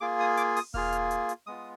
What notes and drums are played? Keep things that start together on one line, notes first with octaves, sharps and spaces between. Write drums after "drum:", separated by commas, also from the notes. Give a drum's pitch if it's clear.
A#3 F4 G#4 D6
D#6
D6, drum: hi-hat
D#6, drum: open hi-hat
A#3 F4 G#4 F6, drum: kick E1
drum: hi-hat
drum: hi-hat
drum: hi-hat
G#3 B3 F4 D#6